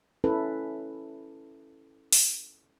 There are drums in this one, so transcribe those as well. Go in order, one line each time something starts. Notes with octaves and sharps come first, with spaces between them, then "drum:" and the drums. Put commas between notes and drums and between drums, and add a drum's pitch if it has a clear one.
C#4 E4 A4 B4
drum: open hi-hat